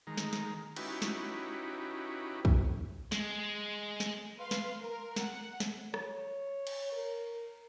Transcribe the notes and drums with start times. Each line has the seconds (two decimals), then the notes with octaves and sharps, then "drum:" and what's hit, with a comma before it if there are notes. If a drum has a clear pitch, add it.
0.07 D#3 G#3 A#5
0.17 drum: snare
0.33 drum: snare
0.76 C#4 D#4 E4 F#4 G4 B4, drum: cymbal
1.02 drum: snare
2.45 drum: kick
3.12 G#3, drum: snare
4.00 drum: snare
4.37 B4 F5 C6
4.51 drum: snare
4.80 A#4
5.16 F#5, drum: snare
5.60 drum: snare
5.94 C#5, drum: rim click
6.67 drum: cymbal
6.92 A#4